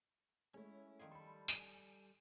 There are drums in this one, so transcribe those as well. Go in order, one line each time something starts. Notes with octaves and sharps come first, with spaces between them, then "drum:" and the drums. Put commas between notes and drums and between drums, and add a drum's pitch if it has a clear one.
G#3 A3 C#4 E4 C#5
D#3 F3 G#4
G3 A4 B5 C6
G#5, drum: tambourine